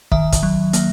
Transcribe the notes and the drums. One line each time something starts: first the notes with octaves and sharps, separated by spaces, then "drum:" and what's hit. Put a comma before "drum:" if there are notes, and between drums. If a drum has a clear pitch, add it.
D#3 E5, drum: kick
drum: kick, hi-hat
F#3
A#3, drum: hi-hat